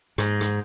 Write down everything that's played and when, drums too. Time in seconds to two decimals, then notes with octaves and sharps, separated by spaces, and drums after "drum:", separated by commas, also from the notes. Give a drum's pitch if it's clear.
0.18 G#2, drum: rim click
0.41 drum: rim click